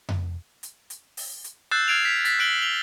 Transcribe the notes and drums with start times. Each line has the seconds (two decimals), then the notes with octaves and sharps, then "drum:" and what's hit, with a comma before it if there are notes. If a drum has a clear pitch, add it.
0.09 drum: tom F2
0.63 drum: hi-hat
0.90 drum: hi-hat
1.17 drum: open hi-hat
1.44 drum: hi-hat
1.71 E6 F#6 G6 A6 C7 E7
1.88 F6 G#6 C7 D7 E7 F7
2.05 B6 F7
2.25 A6 B6, drum: hi-hat
2.39 F#6 D7 F#7 G7
2.62 F7 G7